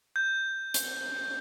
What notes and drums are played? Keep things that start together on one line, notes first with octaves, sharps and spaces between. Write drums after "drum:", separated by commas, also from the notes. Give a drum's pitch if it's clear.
G6
drum: hi-hat